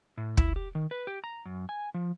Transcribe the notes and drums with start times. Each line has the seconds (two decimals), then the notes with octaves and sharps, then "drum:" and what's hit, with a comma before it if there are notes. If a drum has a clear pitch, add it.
0.17 A2
0.37 E4, drum: kick
0.56 G4
0.75 D#3
0.91 B4
1.07 G4
1.24 A#5
1.45 F#2
1.69 G#5
1.94 F3